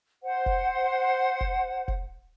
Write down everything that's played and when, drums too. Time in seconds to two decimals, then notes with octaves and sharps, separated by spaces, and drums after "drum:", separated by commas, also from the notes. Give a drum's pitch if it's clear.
0.22 C5 F#5
0.46 drum: kick F1
1.41 drum: kick F1
1.88 drum: kick F1